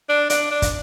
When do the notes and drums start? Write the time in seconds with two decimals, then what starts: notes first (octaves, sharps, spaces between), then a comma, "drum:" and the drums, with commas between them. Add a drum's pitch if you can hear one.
0.09 D4
0.30 D4, drum: hi-hat
0.51 D4
0.62 drum: kick, hi-hat